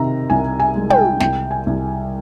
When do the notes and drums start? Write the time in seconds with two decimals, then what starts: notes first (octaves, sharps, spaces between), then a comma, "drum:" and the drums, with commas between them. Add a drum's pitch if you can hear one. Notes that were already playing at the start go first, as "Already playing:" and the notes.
Already playing: C3 D#3 A#5
0.30 C2 G#5
0.60 G#5
0.76 G#3
0.90 G5, drum: tom
1.20 C2 G5, drum: snare
1.51 G#5
1.67 C2